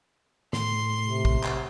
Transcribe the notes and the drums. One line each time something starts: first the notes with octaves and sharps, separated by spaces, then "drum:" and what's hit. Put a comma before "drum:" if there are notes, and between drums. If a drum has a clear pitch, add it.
A2 C6, drum: snare
C3
drum: kick
drum: clap